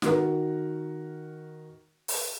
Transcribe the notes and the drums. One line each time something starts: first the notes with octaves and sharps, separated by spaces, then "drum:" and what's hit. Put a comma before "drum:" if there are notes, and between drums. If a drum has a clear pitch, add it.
D#3 F#4 A#4, drum: snare
drum: open hi-hat